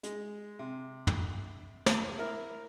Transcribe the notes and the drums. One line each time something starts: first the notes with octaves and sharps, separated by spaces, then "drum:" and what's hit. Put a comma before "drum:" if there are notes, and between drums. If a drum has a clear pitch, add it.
G#3, drum: hi-hat
C3
drum: tom
drum: snare
E4 A#4